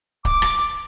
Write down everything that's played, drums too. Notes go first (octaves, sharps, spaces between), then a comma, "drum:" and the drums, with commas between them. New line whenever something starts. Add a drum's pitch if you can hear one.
D6, drum: kick C#1, hi-hat
drum: rim click
drum: hi-hat